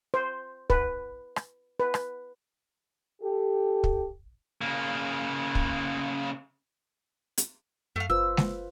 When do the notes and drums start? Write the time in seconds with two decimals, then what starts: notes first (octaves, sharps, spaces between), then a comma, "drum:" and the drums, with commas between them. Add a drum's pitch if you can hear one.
0.14 C5
0.70 B4, drum: kick
1.36 drum: rim click
1.80 B4
1.94 drum: rim click
3.22 G4 A4
3.84 drum: kick
4.61 C#3 A#3
5.55 drum: kick
7.38 drum: hi-hat
7.96 F#2 A3 F5
8.10 F#1 F4 B4 C5 E6
8.37 drum: snare